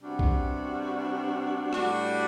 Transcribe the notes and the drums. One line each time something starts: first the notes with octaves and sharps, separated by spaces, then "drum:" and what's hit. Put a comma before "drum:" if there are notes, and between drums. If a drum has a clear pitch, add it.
C3 G3 B3 D4 F#4
drum: kick B1
A2 G3 D4 F#4, drum: rim click